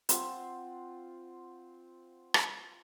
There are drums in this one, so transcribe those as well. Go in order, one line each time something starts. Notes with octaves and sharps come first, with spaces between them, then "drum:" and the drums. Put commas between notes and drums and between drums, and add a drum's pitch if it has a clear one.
C4 F4 F#5, drum: hi-hat
drum: rim click